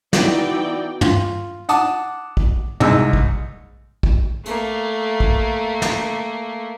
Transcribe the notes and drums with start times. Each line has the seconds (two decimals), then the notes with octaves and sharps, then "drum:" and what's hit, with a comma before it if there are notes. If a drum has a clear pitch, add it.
0.13 E3 B3 D#4 F#4 D5 G5, drum: snare
1.01 F4, drum: tom
1.69 F#5 A5 D6 D#6, drum: hi-hat
2.37 drum: kick
2.80 C2 G#3 D#4 E6, drum: tom
3.13 drum: kick
4.03 drum: kick
4.45 A3 A#3, drum: hi-hat
5.20 drum: kick
5.82 drum: snare